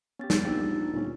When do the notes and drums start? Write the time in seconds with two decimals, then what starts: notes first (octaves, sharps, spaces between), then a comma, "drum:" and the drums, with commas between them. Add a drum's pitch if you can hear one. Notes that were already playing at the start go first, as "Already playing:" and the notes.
0.19 B3 C#4 G4 A6
0.30 drum: snare
0.45 A#1 A#3 D#4 F#4 G4 E6 A6
0.93 G1 D2 A#2 C#4